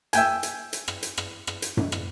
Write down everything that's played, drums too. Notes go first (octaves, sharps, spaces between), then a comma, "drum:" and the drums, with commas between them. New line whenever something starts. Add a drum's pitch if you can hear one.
E5 G5 G#5, drum: hi-hat
drum: hi-hat
drum: hi-hat
drum: rim click
drum: hi-hat
drum: rim click
drum: rim click
drum: hi-hat
drum: tom F#2
drum: rim click